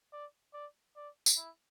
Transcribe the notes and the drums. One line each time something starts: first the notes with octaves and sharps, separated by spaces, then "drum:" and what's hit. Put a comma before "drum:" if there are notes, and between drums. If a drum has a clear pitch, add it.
D5
D5
D5
drum: tambourine
E4